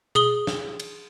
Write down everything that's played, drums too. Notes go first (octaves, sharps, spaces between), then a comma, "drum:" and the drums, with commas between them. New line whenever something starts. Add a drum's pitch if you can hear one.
G#4 D#6 G7, drum: tom B2
drum: snare
drum: cymbal